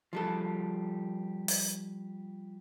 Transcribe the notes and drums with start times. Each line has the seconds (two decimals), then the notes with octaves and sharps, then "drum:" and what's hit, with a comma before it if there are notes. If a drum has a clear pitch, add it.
0.13 F3 G3 A4
1.48 drum: open hi-hat